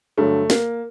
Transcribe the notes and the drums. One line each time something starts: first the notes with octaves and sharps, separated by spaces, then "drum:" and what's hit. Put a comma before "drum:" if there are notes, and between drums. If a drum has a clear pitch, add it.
G2 D3 F#3 A3
A#3, drum: snare